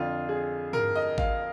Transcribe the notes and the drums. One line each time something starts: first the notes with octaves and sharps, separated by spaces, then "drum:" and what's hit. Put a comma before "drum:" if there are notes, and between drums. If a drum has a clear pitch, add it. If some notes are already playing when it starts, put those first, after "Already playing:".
Already playing: F2 D3 F4
G#4
A#4, drum: tom
D#5
F5, drum: kick G#1